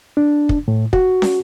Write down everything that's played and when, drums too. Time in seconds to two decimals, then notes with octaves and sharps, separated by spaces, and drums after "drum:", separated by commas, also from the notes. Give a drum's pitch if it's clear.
0.17 D4
0.49 drum: kick
0.68 A2
0.93 F#4, drum: kick
1.22 drum: snare